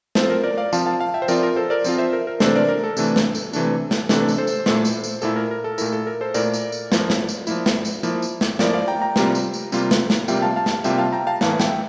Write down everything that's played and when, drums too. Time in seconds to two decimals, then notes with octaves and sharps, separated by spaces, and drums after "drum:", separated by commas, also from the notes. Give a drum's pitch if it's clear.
0.15 F3 C4 F4 A4 C5, drum: snare
0.30 A#4
0.43 A#4 D5
0.58 D5 F5
0.73 F3 C4 F4 F5 A5, drum: tambourine
0.86 F5 A5
1.00 F5 A5
1.14 E5 G5
1.22 C5
1.28 F3 C4 F4 A#4 D5, drum: tambourine
1.43 A#4
1.56 A4 C5
1.70 A#4 D5
1.84 F3 C4 F4, drum: tambourine
1.98 C5 E5
2.13 A#4
2.27 A#4
2.40 C3 E3 A3 D4 A4 C5, drum: snare
2.56 A#4 D5
2.68 A#4
2.84 A4
2.97 C3 E3 A3 D4, drum: tambourine
3.16 drum: snare
3.35 drum: tambourine
3.53 C3 E3 A3 D4, drum: tambourine
3.91 drum: snare
4.09 C3 E3 A3 D4 A4, drum: snare
4.28 drum: tambourine
4.38 A4 C5
4.47 drum: tambourine
4.66 A#2 A3 E4, drum: snare
4.85 drum: tambourine
5.03 drum: tambourine
5.22 A#2 A3 E4 A4, drum: tambourine
5.36 A#4
5.51 A#4
5.64 A4
5.78 A#2 A3 E4 A#4, drum: tambourine
5.93 A4
6.07 A#4
6.21 A4 C5
6.34 A#2 A3 E4 A#4 D5, drum: tambourine
6.54 drum: tambourine
6.72 drum: tambourine
6.92 F3 A#3 E4, drum: snare
7.10 drum: snare
7.29 drum: tambourine
7.47 F3 A#3 E4, drum: tambourine
7.66 drum: snare
7.85 drum: tambourine
8.03 F3 A#3 E4, drum: tambourine
8.22 drum: tambourine
8.41 drum: snare
8.59 F3 A#3 E4 A#4 D5, drum: snare
8.73 D5 F5
8.88 G5 A#5
9.02 G5 A#5
9.16 C3 G3 A#3 F4, drum: snare
9.35 drum: tambourine
9.54 drum: tambourine
9.72 C3 G3 A#3 F4, drum: tambourine
9.91 drum: snare
10.10 drum: snare
10.28 C3 G3 A#3 F4 E5 G5, drum: tambourine
10.42 F5 A5
10.56 F5 A5
10.66 drum: snare
10.84 C3 G3 A#3 F4 E5 G5, drum: tambourine
10.98 F5 A5
11.12 G5 A#5
11.27 F5 A5
11.41 A2 E3 A#3 F5 A5, drum: snare
11.60 E5 G5, drum: snare